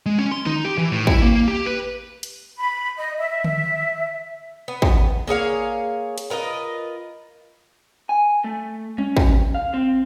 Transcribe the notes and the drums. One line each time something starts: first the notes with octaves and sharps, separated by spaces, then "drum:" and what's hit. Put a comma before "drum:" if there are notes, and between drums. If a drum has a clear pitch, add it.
G#3
C#4
C6
D#4, drum: tom D3
G4
E3
A2
E4, drum: kick
A#3
G4
B4
drum: hi-hat
B5
D#5
E5
drum: tom D3
B3
drum: kick
A#3 G#4 C#5 F5
drum: hi-hat
F4 A#4 B4 D#5
G#5
A3
C#4, drum: tom G3
drum: kick
F5
C4